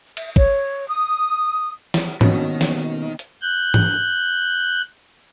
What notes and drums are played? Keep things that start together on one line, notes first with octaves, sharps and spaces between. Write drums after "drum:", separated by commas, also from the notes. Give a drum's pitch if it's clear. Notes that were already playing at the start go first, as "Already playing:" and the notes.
E5, drum: cymbal
C#5, drum: kick
D#6
drum: snare
D#2 B2 D#3 C#4 F#4, drum: tom
drum: snare
drum: hi-hat
F#6 G6
drum: tom